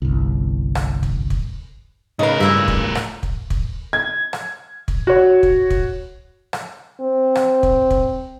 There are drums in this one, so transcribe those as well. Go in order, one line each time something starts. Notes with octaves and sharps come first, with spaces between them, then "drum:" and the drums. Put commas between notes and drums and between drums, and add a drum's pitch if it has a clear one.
G1 C2
drum: rim click
drum: kick
drum: kick
A2 C#3 D#4 A#4 B4 F5
G2 A#2 E4 E5
drum: kick
drum: rim click
drum: kick
drum: kick
G#6
drum: rim click
drum: kick
F#4 C#5
drum: kick
drum: kick
drum: rim click
C4
drum: rim click
drum: kick
drum: kick